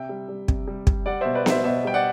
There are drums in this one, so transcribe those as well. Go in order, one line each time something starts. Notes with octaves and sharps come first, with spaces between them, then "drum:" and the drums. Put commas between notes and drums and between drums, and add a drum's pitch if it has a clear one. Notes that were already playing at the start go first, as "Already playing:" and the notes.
Already playing: C3 E5 G5
G3
G3
C3, drum: kick
G3
G3, drum: kick
G3 D5 F#5
B2 C5 E5
B4 D5
B2 C5 E5, drum: snare B3
B2 C5 E5
G3 G5
D5 F#5